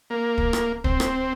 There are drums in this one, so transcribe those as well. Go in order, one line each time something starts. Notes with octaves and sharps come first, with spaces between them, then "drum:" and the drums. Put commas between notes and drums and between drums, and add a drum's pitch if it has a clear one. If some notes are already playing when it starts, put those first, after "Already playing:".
A#3
drum: kick
drum: rim click
C4, drum: kick
drum: rim click